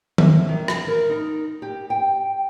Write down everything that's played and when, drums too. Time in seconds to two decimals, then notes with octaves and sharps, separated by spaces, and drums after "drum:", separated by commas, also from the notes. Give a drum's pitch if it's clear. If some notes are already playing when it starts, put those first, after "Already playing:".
0.18 E5, drum: tom D#3
0.49 D#3
0.68 drum: rim click
0.88 A#4
1.10 D#4
1.62 G4
1.90 G5